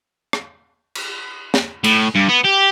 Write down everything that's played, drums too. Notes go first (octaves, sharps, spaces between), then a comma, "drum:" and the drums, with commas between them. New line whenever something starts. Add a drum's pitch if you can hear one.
drum: rim click
drum: cymbal
drum: snare
A2, drum: cymbal
G2
B3
G4